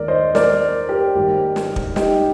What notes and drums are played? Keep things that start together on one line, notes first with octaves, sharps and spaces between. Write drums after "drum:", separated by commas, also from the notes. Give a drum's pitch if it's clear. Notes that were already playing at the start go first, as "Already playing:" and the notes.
Already playing: D#2 D#3 G#3 A#4 D5
C5 D#5
A#4 D5, drum: snare
G4 A#4
G#1 G#2 G3
drum: snare
drum: kick
D#4 G4, drum: snare